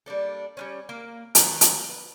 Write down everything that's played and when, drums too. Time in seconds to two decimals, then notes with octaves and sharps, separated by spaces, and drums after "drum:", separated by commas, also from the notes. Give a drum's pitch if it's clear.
0.06 G3 A#3 D4 A4
0.57 G3 B3 C#4
0.89 A#3
1.35 D#3 F#3 B3, drum: hi-hat
1.61 drum: hi-hat
1.89 B4